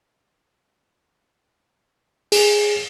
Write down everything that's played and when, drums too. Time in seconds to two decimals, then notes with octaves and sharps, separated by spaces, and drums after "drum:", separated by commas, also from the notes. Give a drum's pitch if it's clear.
2.32 G#4, drum: open hi-hat